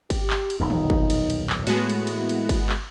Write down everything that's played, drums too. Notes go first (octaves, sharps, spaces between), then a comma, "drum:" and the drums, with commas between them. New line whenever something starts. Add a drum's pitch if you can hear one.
G4, drum: kick G1, cymbal
drum: clap
drum: cymbal
D#1 B1 F2 D#4
drum: tom
drum: kick G1
drum: cymbal
drum: cymbal
drum: clap
A2 G#3 A3 B3 F#4, drum: cymbal
drum: cymbal
E3 A#3 E4, drum: cymbal
drum: cymbal
drum: kick G1, cymbal
drum: clap